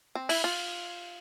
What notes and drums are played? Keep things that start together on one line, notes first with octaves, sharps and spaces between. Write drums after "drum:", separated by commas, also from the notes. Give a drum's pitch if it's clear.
C4
E4, drum: open hi-hat
F4